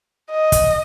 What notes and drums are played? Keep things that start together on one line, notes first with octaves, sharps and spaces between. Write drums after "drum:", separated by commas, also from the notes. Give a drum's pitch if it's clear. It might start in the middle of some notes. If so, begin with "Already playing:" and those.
D#5
drum: kick, hi-hat